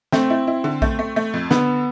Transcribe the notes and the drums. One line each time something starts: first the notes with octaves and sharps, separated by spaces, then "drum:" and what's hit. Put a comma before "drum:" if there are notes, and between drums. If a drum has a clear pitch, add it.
A3 C4, drum: snare
E4
E4
D3
A3, drum: kick A#1
A3
A3
F2
D3 B3, drum: snare